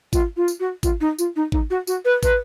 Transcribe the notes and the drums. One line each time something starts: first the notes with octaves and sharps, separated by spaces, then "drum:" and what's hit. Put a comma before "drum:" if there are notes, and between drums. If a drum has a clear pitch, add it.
F4, drum: kick, tambourine
F4
drum: tambourine
F#4
F4, drum: kick, tambourine
D#4
F4, drum: tambourine
D#4
D#4, drum: kick
F#4
F#4, drum: tambourine
B4
B4, drum: kick, tambourine